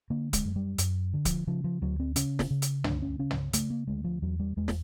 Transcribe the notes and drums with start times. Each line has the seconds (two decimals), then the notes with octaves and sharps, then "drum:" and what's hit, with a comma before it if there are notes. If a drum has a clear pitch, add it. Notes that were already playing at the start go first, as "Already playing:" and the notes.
0.10 D3 A#3
0.33 G#3, drum: kick D1, hi-hat
0.45 F#2
0.56 G3
0.78 F#2, drum: hi-hat
1.14 D3
1.25 F3, drum: kick D1, hi-hat
1.47 C#3 F3
1.64 F3
1.82 D2 F#3
2.00 C4
2.16 C#3 C#4, drum: hi-hat
2.39 drum: snare
2.50 C#3
2.62 drum: hi-hat
2.84 D2 D4, drum: tom
3.02 C#4
3.19 C#3 C#4
3.31 drum: tom
3.53 C#3 A3, drum: hi-hat
3.70 A#3
3.87 D2 G#3
4.04 F3
4.22 E2 F#3
4.40 G3
4.57 E2 G#3
4.68 drum: snare